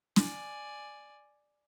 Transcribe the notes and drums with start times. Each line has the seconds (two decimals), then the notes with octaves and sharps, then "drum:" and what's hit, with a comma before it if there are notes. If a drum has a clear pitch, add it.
0.16 D5 G#5, drum: snare